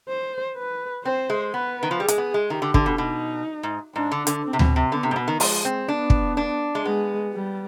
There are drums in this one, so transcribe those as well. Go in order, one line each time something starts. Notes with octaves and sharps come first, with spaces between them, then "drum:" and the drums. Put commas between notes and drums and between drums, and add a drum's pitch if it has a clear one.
C5
B4
C4 C5
G#3
B3 B4
D#3
F3
G3 G#4
G#3, drum: hi-hat
B3
G#3
D#3 G4
D3
D3, drum: kick
B2
B2 D#4
G#2
G#2 D4
D3
D3, drum: hi-hat
C4
C3
B2, drum: tom D2
C3
D3 B3
C3
G#2
B2
D#3
F3 G#3, drum: open hi-hat
C4
B3 D4
drum: kick
D4
G#3
G#3 B3
G3